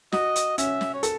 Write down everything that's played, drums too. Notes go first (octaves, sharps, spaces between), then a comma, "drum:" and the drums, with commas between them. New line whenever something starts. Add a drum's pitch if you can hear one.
F#4 D#5, drum: snare
drum: hi-hat
C#4 E5, drum: hi-hat
drum: snare
C#5
A4, drum: hi-hat